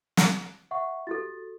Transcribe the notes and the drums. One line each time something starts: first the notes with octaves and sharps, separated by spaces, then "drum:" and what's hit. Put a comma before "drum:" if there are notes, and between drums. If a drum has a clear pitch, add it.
drum: snare
E5 F#5 C#6
F#4 G4 A4 A6